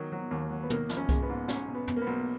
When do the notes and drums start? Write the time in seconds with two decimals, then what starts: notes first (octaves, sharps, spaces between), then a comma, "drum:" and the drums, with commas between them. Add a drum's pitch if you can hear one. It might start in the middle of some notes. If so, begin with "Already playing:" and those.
Already playing: D#3 F#3
0.12 F#3
0.31 D#2
0.50 F#3
0.63 B3
0.70 D#3 A#3, drum: tom
0.89 A#1, drum: snare
0.97 C#4
1.09 G#3, drum: kick C2, hi-hat
1.22 B3
1.29 G#2
1.48 B1 C#4, drum: snare
1.68 B2
1.75 B3
1.88 B2, drum: tom
1.96 A#3
2.01 B3
2.07 B1